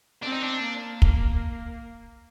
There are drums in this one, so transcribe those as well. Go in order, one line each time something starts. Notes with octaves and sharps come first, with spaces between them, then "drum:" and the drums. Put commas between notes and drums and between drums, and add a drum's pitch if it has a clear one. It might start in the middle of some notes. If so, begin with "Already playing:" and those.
C4 D4
D#4
D4
A#3
drum: kick